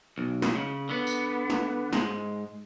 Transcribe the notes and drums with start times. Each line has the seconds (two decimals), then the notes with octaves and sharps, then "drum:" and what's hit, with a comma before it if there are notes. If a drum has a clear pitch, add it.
0.18 B1
0.42 drum: snare
0.55 C#3
0.89 D3 B3
1.07 drum: tambourine
1.50 drum: snare
1.93 G#2 G#3, drum: snare